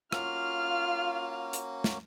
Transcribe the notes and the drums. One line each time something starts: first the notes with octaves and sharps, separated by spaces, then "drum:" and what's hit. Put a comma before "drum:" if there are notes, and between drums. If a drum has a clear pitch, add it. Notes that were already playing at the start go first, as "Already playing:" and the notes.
A#3 C#4 F4 F#4 F6, drum: rim click
drum: hi-hat
drum: snare